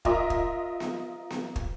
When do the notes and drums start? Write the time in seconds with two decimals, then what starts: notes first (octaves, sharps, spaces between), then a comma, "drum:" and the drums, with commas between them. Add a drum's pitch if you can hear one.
0.05 F4 A#4 D#5 E5, drum: kick
0.30 drum: kick
0.80 drum: snare B3
1.30 drum: snare B3
1.56 drum: kick